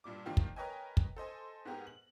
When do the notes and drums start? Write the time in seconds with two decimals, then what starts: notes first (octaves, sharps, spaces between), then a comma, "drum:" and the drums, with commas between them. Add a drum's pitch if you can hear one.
0.04 G2 A#2 G3 D6
0.25 D#3 F3 A#3 D4 F4 G4
0.37 drum: kick
0.56 A#4 B4 C#5 D#5 G5 G#5
0.97 drum: kick
1.17 A4 C5 D#5 G#5
1.65 G#2 B3 G4 G#4 A#4
1.87 F#7